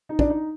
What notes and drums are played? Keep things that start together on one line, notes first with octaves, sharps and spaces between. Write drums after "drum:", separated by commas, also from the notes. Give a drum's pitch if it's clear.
D#4
D4 D5, drum: kick
D#4